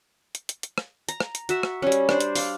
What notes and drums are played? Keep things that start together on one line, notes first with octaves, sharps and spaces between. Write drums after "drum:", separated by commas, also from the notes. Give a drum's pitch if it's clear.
drum: hi-hat
drum: hi-hat
drum: hi-hat
drum: rim click
A#5, drum: hi-hat
drum: rim click
drum: hi-hat
F#4 E5, drum: hi-hat
drum: rim click
G3 C#4
drum: hi-hat
D4 C5, drum: rim click
drum: hi-hat
D5 F5, drum: open hi-hat